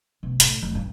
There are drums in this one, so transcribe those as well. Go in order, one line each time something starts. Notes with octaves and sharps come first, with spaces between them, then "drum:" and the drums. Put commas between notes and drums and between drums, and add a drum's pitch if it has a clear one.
B2
A2, drum: hi-hat
F1
G2